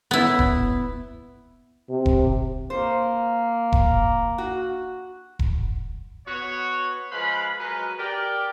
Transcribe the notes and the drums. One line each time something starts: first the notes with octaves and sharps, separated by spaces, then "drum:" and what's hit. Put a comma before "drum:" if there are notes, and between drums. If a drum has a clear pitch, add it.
B3 E4
drum: kick E1
C3
drum: kick E1
A#3 C5
drum: kick E1
F#4
drum: kick E1
B3 F#4 C#5
F3 G#3 B4 C5 F5 B5
F#3 G#3 A#4 B4
G4 A#4 D5